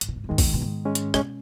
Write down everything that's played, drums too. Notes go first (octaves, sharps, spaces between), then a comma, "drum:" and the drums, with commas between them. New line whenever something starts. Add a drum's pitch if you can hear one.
G#2, drum: hi-hat
B2
G#2
B2
G#2 D#3 G#3
B2, drum: kick A#1, open hi-hat
G#2
B2
G#2
G#3 C#4
drum: hi-hat
B2 G#3 C#4, drum: rim click